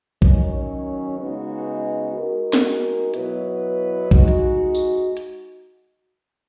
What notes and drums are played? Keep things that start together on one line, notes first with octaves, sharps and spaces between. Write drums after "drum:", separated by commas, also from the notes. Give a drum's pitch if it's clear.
D#3 F#3 C#4, drum: kick
C#3 G#3 B3 D#4 F#4
G#3 D#4 F#4 A#4
drum: snare
B2 F#3 B3 E4 B4, drum: hi-hat
G#3 D#4 F#4, drum: kick
drum: hi-hat
drum: tambourine
drum: hi-hat